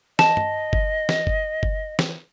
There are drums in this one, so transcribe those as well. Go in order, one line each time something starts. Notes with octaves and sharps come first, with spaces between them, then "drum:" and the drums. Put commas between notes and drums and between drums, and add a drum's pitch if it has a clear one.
D#5 A5, drum: snare
drum: tom
drum: kick G1
drum: snare
drum: kick G1
drum: kick G1
drum: snare